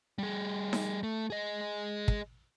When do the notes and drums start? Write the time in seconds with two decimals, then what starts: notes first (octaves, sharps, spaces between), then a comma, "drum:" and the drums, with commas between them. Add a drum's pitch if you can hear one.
0.19 G3 G#4
0.73 drum: snare D#4
1.03 A3
1.30 G#4 D#5
2.08 drum: kick